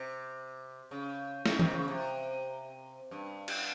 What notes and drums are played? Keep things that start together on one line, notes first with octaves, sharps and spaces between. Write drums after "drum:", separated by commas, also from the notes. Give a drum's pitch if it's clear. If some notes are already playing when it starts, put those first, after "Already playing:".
Already playing: C3
C#3
C#3, drum: snare
C3 D#3, drum: tom D#3
C#3
C3
G2
drum: cymbal